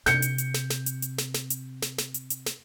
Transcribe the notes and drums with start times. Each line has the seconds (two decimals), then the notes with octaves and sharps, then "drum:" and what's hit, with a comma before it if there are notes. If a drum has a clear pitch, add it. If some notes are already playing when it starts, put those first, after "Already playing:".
0.06 C3 G6 C#7, drum: snare
0.22 drum: hi-hat
0.38 drum: hi-hat
0.54 drum: snare
0.70 drum: snare
0.86 drum: hi-hat
1.02 drum: hi-hat
1.18 drum: snare
1.34 drum: snare
1.50 drum: hi-hat
1.82 drum: snare
1.98 drum: snare
2.14 drum: hi-hat
2.30 drum: hi-hat
2.46 drum: snare